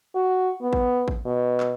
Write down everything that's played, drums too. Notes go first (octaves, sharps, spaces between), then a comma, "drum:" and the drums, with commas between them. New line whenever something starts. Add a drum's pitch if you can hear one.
F#4
B3
drum: kick
drum: kick
B2
drum: clap